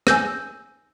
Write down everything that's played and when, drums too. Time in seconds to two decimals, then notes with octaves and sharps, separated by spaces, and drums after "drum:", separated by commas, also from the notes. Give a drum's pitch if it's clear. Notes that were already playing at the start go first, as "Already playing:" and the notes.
0.07 G#5 E6 G6 A#6, drum: rim click